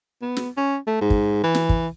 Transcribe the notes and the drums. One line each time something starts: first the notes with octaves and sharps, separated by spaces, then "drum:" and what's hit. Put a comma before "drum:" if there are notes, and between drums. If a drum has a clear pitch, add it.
B3
drum: snare
C#4
A3
G#2
drum: kick
E3
drum: snare
drum: kick